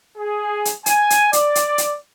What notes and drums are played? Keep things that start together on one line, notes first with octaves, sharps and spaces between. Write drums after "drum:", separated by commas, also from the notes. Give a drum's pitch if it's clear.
G#4
drum: hi-hat
G#5, drum: hi-hat
drum: hi-hat
D5, drum: hi-hat
drum: hi-hat
drum: hi-hat